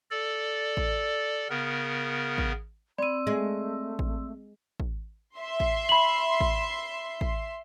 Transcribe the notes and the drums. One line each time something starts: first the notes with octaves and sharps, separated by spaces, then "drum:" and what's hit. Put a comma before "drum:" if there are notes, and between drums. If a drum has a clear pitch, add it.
A4 D5
drum: kick A1
C#3 B3 A#4
drum: kick A1
C4 D5 B5 E6 D#7
G#3 A3
drum: kick A1
drum: kick A1
E5 C6
drum: kick A1
B5 F#7
drum: kick A1
drum: kick A1